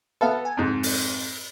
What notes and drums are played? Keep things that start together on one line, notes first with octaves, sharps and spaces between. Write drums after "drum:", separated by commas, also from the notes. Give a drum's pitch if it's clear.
B3 A4 B4 E5 F5
G#5
F2 G#2
drum: open hi-hat